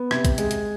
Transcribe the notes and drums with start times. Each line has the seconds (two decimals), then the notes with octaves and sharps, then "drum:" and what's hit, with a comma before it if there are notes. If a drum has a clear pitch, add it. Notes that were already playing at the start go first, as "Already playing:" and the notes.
Already playing: B3
0.11 C3 G#6, drum: rim click
0.25 drum: kick A#1, hi-hat
0.38 G#3, drum: hi-hat
0.51 drum: hi-hat